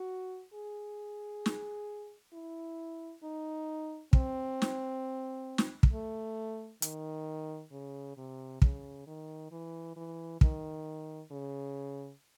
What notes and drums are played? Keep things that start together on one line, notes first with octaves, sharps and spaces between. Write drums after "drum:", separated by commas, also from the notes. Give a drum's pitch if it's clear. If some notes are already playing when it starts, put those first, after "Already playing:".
Already playing: F#4
G#4
drum: snare
E4
D#4
C4, drum: kick
drum: snare
drum: snare
drum: kick
A3
D#3, drum: hi-hat
C#3
C3
C#3, drum: kick
D#3
E3
E3
D#3, drum: kick
C#3